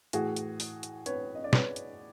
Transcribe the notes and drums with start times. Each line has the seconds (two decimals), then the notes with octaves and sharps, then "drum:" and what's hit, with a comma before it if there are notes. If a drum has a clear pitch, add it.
0.13 A2 E3 F#4 G#4, drum: hi-hat
0.36 drum: hi-hat
0.60 drum: open hi-hat
0.83 drum: hi-hat
1.06 B4 C#5, drum: hi-hat
1.35 D#5
1.44 D5
1.53 B4 C#5, drum: snare
1.76 drum: hi-hat